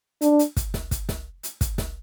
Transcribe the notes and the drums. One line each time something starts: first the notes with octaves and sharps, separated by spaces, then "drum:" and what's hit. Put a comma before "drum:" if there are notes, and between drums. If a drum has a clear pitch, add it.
D4, drum: hi-hat
drum: hi-hat
drum: kick, hi-hat
drum: snare
drum: kick, hi-hat
drum: snare
drum: hi-hat
drum: kick, hi-hat
drum: snare